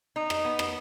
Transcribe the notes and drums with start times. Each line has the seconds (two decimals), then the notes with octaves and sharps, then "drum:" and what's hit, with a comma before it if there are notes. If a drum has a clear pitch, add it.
0.16 D#4
0.30 drum: rim click
0.45 B3
0.59 drum: rim click